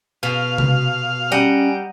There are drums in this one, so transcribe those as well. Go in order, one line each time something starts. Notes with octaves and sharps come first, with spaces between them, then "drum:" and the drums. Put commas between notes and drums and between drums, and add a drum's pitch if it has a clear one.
B2 F5
drum: tom C3
G3 C#4 D#5 F#5 A#5